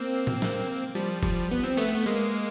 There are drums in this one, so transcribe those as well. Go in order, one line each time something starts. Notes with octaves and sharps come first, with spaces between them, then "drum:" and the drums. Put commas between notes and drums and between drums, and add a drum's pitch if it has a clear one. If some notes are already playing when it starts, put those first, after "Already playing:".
Already playing: A#3 C4
drum: tom A2
drum: snare
F3 G3
F3 G3, drum: kick
B3
C4
A3 B3, drum: open hi-hat
B3
G#3 A#3